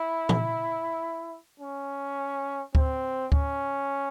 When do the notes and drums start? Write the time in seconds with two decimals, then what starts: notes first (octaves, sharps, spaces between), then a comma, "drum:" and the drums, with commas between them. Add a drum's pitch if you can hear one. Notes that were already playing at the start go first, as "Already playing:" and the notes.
Already playing: E4
0.29 drum: tom A#2
1.60 C#4
2.75 C4, drum: kick D2
3.32 C#4, drum: kick D2